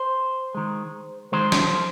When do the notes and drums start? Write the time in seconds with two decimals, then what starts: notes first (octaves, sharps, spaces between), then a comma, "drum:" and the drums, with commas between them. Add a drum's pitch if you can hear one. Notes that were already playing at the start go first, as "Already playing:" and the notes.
Already playing: C5
0.55 D#3 G#3
1.32 D#3 G#3 C5
1.52 drum: snare